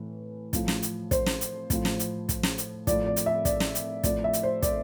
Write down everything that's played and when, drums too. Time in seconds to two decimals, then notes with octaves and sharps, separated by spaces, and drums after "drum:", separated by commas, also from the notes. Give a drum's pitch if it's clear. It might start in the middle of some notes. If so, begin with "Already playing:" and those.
Already playing: A2 E3
0.53 A2 F3, drum: kick, hi-hat
0.68 drum: snare
0.82 drum: hi-hat
1.11 C5, drum: kick, hi-hat
1.26 drum: snare
1.41 drum: hi-hat
1.70 A2 F3, drum: kick, hi-hat
1.85 drum: snare
1.99 drum: hi-hat
2.29 drum: kick, hi-hat
2.43 drum: snare
2.58 drum: hi-hat
2.87 A2 F3 D5, drum: kick, hi-hat
3.06 D5
3.16 drum: hi-hat
3.26 E5
3.45 D5, drum: kick, hi-hat
3.60 drum: snare
3.75 drum: hi-hat
4.04 A2 F3 D5, drum: kick, hi-hat
4.24 E5
4.33 drum: hi-hat
4.43 C5
4.62 D5, drum: kick, hi-hat